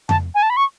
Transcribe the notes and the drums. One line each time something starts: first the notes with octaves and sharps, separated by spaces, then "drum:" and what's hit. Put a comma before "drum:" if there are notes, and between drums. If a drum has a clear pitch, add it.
A5, drum: tom F2
G#5
A5
B5
C#6